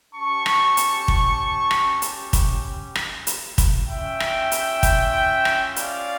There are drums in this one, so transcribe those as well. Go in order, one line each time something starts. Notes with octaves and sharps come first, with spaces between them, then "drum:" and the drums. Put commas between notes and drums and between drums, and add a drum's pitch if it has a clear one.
C#4 G4 A5 C#6
drum: rim click
drum: hi-hat
drum: kick
drum: rim click
drum: hi-hat
drum: kick, hi-hat
drum: rim click
drum: hi-hat
drum: kick, hi-hat
C#4 F4 E5 G5
drum: rim click
drum: hi-hat
drum: kick, hi-hat
drum: rim click
D5 F5, drum: hi-hat